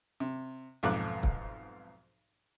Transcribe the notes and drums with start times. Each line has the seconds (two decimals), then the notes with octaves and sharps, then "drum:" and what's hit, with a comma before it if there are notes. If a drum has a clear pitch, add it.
0.20 C3
0.83 B1 F2 G#2 A3 D6 F#6
1.23 drum: kick C#1